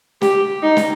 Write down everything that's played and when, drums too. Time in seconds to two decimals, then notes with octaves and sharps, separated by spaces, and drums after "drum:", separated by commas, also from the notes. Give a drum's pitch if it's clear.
0.21 G4, drum: snare
0.63 D#4
0.77 drum: snare